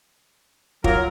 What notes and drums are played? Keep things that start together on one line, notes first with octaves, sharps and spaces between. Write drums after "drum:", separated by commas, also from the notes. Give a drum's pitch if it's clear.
F#3 F4 A#4, drum: kick